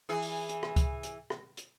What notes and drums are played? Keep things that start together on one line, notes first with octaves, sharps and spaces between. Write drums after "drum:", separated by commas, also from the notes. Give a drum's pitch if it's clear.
E3 G#4
drum: open hi-hat
drum: hi-hat
drum: rim click
drum: kick C#2, hi-hat
drum: hi-hat
drum: rim click
drum: hi-hat